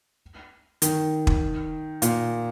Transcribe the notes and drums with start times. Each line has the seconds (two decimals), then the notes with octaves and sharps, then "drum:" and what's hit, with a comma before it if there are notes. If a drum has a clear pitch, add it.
0.82 D#3, drum: hi-hat
1.27 drum: kick
2.02 A#2, drum: hi-hat